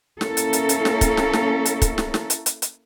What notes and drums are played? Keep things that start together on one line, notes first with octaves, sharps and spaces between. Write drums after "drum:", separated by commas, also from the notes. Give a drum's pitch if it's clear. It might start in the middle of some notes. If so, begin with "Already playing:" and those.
A#3 C#4 E4 A4 A#4, drum: snare
drum: hi-hat
drum: hi-hat
drum: hi-hat
drum: snare
drum: kick, hi-hat
drum: snare
drum: snare
drum: hi-hat
drum: kick, hi-hat
drum: snare
drum: snare
drum: hi-hat
drum: hi-hat
drum: hi-hat